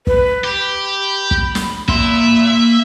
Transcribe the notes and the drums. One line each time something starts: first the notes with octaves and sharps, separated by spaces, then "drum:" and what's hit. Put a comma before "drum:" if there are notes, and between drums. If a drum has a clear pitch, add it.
B4, drum: kick
G4 B5
drum: kick
drum: snare
A#3 E5 C6, drum: kick